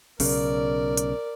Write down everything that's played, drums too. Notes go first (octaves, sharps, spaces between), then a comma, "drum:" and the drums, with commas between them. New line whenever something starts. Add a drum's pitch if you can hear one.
B1 C#3 A#4 D5, drum: open hi-hat
drum: hi-hat